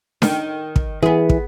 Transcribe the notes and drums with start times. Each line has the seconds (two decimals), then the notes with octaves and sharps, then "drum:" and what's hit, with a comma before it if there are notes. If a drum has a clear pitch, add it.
0.22 D#3, drum: snare D4
0.76 drum: kick
1.03 E3 B3 G#4
1.29 drum: kick